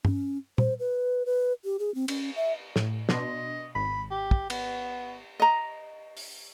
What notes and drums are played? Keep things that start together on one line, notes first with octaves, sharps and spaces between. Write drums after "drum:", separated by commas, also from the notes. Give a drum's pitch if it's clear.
C#4, drum: tom
C5, drum: tom
B4
B4
G4
G#4
C4
C#4, drum: cymbal
E5
A2, drum: snare
B2 D4 D#5 C6, drum: snare
G#1 B5
G4
drum: kick
B3, drum: cymbal
D#5 A#5
drum: open hi-hat